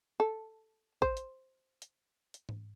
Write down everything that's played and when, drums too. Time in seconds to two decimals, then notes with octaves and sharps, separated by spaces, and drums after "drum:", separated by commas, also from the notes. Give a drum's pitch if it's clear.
0.20 A4
1.02 C5, drum: kick
1.17 drum: hi-hat
1.82 drum: hi-hat
2.34 drum: hi-hat
2.49 drum: tom G#2